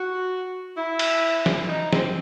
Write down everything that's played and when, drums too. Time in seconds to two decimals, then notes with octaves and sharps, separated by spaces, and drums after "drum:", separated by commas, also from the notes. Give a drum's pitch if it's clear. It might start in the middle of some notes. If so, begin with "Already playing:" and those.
Already playing: F#4
0.76 E4
0.99 drum: cymbal
1.46 drum: snare
1.69 D#4
1.93 C4, drum: snare